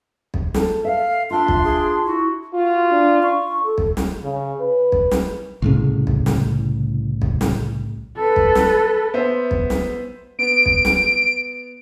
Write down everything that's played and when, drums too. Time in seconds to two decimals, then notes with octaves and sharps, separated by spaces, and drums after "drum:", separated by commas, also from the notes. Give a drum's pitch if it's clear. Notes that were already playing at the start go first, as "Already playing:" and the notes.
0.34 drum: kick B1
0.54 A4, drum: snare
0.85 E5 F5
1.31 D4 F4 E5 C6
1.48 drum: kick B1
1.63 G#4
2.05 E4 F#4
2.54 F4 F#4
2.90 D4
3.23 C#6
3.63 A4
3.78 drum: kick B1
3.97 drum: snare
4.23 C#3
4.60 B4
4.92 drum: kick B1
5.11 drum: snare
5.62 C2 A2 C#3
6.07 drum: kick B1
6.26 drum: snare
7.22 drum: kick B1
7.41 drum: snare
8.17 A4 B4
8.36 drum: kick B1
8.55 drum: snare
9.14 B3 C5 E5
9.51 drum: kick B1
9.70 drum: snare
10.39 B3 D7
10.66 drum: kick B1
10.85 drum: snare